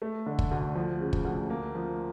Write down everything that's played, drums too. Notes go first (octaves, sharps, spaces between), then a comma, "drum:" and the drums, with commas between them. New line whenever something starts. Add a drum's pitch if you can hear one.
A3
D3
drum: kick
D2
F3
C#3
drum: kick
D2
A#3
F3